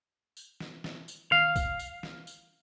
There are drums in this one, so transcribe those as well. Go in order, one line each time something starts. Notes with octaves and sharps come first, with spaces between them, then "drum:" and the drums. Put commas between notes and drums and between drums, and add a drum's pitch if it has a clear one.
drum: tambourine
drum: snare
drum: snare
drum: tambourine
F5, drum: tom D#3
drum: kick B1, tambourine
drum: tambourine
drum: snare
drum: tambourine